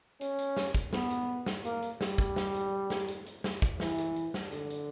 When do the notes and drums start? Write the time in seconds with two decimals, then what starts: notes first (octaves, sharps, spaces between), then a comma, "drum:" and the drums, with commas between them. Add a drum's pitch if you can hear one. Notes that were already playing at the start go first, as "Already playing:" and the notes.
0.21 C#4, drum: hi-hat
0.39 drum: hi-hat
0.57 drum: snare
0.75 drum: kick, hi-hat
0.93 B3, drum: snare
1.10 drum: hi-hat
1.46 drum: snare
1.65 A#3, drum: hi-hat
1.82 drum: hi-hat
2.01 G3, drum: snare
2.18 drum: kick, hi-hat
2.36 drum: snare
2.54 drum: hi-hat
2.90 drum: snare
3.08 drum: hi-hat
3.26 drum: hi-hat
3.44 drum: snare
3.62 drum: kick, hi-hat
3.80 E3, drum: snare
3.98 drum: hi-hat
4.16 drum: hi-hat
4.34 drum: snare
4.52 D3, drum: hi-hat
4.70 drum: hi-hat